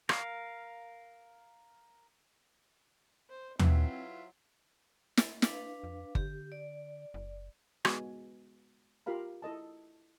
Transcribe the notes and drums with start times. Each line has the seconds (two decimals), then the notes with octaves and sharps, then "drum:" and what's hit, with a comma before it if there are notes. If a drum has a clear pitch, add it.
0.09 A#4 F5, drum: rim click
3.30 C5
3.59 F#3 C4 E4 F4 B4 E5, drum: tom D#2
5.17 drum: snare
5.42 D4 B4 F5, drum: snare
5.84 F2
6.15 D3 G4, drum: kick G1
6.52 D5
7.14 F#1
7.85 G#3 B3 F#4 G#5, drum: rim click
9.06 F4 G4 A#4 F5 B5
9.42 E4 A4 D#5 A5